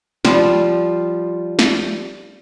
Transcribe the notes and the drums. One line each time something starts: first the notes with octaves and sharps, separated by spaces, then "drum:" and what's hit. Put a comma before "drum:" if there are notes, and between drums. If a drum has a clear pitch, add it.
F3 G3, drum: snare
drum: snare